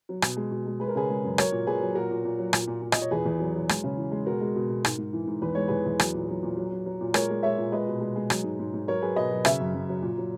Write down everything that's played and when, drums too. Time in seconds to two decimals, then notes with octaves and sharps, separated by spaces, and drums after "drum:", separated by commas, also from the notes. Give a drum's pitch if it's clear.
0.09 F#3
0.22 B2, drum: rim click
0.37 G#3
0.52 B2
0.67 G#3
0.80 G#3 B4
0.88 A#4
0.95 C#3 G#4 B4
1.09 G#3
1.24 F#2
1.38 F#3 A#4 C#5, drum: rim click
1.52 A#2
1.67 A#2 G#4 B4
1.81 F#3
1.95 A#2 F#4 A#4
2.11 A#2
2.25 A#2
2.39 F#3
2.53 A#2, drum: rim click
2.67 A#2
2.82 A#2
2.92 A#2 D#5, drum: rim click
3.02 C#5
3.11 E2 G#4 B4
3.25 E2
3.40 F#3
3.55 F#3
3.69 G#3, drum: rim click
3.84 C#3
3.97 E3
4.12 G#3
4.26 B2 F#4 A#4
4.41 G#3
4.56 B2
4.70 B2
4.85 G#2, drum: rim click
4.98 G#2
5.13 E3
5.27 G#2
5.42 E2 B4
5.55 G#3 C#5
5.68 E2 G#4 B4
5.86 E2
5.99 F#3, drum: rim click
6.14 A#2
6.29 F#3
6.43 A#2
6.57 F#3
6.72 F#3
6.86 F#3
7.01 A#2
7.14 G#3 A#4 C#5, drum: rim click
7.30 G#3
7.43 G#3 C#5 E5
7.58 A#2
7.72 G#3 B4 D#5
7.87 B2
8.01 G#3
8.16 G#3
8.30 F#3, drum: rim click
8.44 G#2
8.59 G#2
8.74 G#2
8.87 F#3 A#4 C#5
9.02 F#3 G#4 B4
9.16 B2 B4 D#5
9.31 F#3
9.45 C#3 C#5 E5, drum: rim click
9.60 F#2
9.74 F#2
9.89 F#3
10.02 A#2
10.18 F#3